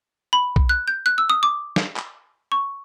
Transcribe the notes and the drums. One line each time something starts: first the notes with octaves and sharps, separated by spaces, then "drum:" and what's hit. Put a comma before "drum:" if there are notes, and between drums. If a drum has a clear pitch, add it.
B5
drum: kick B1
F#6
G6
F#6
E6
D#6
D6
drum: snare
drum: clap
C#6